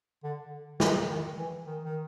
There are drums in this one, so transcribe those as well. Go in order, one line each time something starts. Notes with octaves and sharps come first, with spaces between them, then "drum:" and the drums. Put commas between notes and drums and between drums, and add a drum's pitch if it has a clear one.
D3
E3, drum: snare
D#3
E3
D#3
D#3